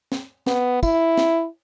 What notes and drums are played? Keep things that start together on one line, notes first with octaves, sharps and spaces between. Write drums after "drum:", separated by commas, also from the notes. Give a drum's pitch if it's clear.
drum: snare
B3, drum: snare
E4, drum: kick, tambourine
drum: snare